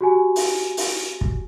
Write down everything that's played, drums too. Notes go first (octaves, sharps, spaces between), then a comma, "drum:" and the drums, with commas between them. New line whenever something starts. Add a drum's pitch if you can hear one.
F#4 G4 G#5
drum: open hi-hat
drum: open hi-hat
drum: kick